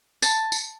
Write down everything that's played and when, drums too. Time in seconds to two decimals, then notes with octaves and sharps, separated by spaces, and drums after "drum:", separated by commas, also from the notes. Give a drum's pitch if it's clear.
0.22 A5, drum: tambourine
0.52 drum: tambourine